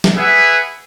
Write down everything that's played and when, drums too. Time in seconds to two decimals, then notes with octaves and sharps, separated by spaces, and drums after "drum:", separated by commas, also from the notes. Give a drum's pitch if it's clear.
0.04 drum: snare
0.17 G#4 B4 E5 F#5